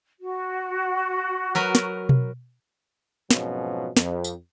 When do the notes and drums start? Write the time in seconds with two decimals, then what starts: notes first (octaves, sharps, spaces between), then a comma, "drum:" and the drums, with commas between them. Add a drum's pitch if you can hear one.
0.20 F#4
1.55 F#3 A#4 B4
1.75 drum: snare
2.09 drum: tom B2
3.31 F2 G#2 B2 F3 F#3 C#4, drum: snare
3.97 F2, drum: snare
4.24 drum: tambourine